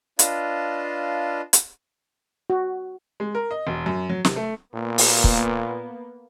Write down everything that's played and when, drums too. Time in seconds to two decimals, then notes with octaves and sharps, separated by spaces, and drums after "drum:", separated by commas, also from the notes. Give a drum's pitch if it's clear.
0.19 D4 F4 B4 D#5 F5 A5, drum: hi-hat
1.53 drum: hi-hat
2.50 F#4
3.20 G#3
3.35 A#4
3.51 D#5
3.67 E1
3.86 F#2
4.09 F#3
4.25 C3, drum: snare
4.36 A3
4.74 A#2 A#3 B3
4.98 drum: open hi-hat
5.24 drum: kick